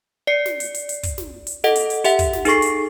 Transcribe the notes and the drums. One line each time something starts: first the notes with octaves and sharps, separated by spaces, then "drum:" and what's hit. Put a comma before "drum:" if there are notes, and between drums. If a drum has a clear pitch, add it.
D5 C7 C#7
drum: snare
drum: hi-hat
drum: hi-hat
drum: hi-hat
drum: kick, hi-hat
drum: snare
drum: hi-hat
A4 D#5 F#5, drum: snare
drum: hi-hat
drum: hi-hat
G4 E5 F#5, drum: hi-hat
drum: kick, hi-hat
drum: snare
D#4 G#4 A4 C#6 C7, drum: hi-hat
drum: hi-hat